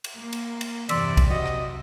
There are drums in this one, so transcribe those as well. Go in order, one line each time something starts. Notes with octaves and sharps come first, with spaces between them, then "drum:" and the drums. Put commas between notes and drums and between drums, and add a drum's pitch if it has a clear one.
drum: cymbal
A#3
drum: cymbal
drum: cymbal
E2 G2 C3 D5 C6 E6 B6, drum: cymbal
drum: kick, cymbal
F#4 D#5
drum: rim click